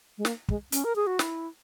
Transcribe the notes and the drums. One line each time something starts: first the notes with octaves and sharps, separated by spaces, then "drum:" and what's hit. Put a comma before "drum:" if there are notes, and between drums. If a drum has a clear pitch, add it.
G#3
A#3, drum: snare
G#3, drum: kick
C#4, drum: hi-hat
A#4
G#4
F#4
E4, drum: snare